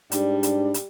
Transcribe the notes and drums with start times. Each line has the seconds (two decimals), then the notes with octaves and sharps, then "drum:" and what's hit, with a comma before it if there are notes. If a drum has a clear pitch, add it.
0.12 G#2 G3 D4, drum: hi-hat
0.43 drum: hi-hat
0.74 drum: hi-hat